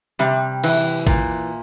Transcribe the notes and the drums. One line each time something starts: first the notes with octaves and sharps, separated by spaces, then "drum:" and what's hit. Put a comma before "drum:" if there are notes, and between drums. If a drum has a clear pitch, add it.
C3 G3
E3, drum: cymbal
A#2, drum: kick